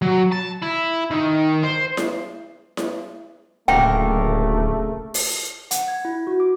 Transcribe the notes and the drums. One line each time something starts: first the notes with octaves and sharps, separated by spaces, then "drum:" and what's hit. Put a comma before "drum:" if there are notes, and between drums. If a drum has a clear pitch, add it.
F#3
A5
E4
D#3
C5
drum: snare E4
drum: snare E4
D1 C#3 A3 A#3 A#4 G5
drum: open hi-hat
F#5, drum: hi-hat
G#6
E4
F#4
D6